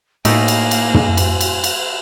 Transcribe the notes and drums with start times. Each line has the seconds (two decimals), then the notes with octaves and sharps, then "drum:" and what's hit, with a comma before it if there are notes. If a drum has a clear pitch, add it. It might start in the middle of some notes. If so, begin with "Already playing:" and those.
0.25 A2 A3 A#3 D#4 E4 G#5, drum: cymbal
0.48 drum: cymbal
0.71 drum: cymbal
0.94 drum: tom
1.17 drum: cymbal
1.41 drum: cymbal
1.64 drum: cymbal